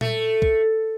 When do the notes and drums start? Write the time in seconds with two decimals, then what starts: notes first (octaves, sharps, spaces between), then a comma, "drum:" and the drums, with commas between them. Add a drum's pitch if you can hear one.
0.01 A3, drum: tom A#2
0.42 drum: kick